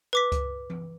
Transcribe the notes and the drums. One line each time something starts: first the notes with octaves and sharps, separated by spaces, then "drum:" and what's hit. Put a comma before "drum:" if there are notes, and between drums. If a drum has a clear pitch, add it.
B4 D6 B6
drum: kick C#2, hi-hat
drum: tom E3